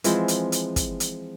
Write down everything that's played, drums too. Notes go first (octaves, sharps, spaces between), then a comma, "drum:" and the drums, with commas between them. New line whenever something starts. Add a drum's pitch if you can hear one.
E3 F3 G#3 C4, drum: hi-hat
drum: hi-hat
drum: hi-hat
drum: kick, hi-hat
drum: hi-hat